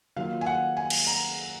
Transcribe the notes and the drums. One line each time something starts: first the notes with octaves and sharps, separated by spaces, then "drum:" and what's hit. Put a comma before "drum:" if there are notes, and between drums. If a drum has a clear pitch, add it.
D#3 F#3 A#3 F4 F5
G#5
F#5
G#5
drum: cymbal
A#5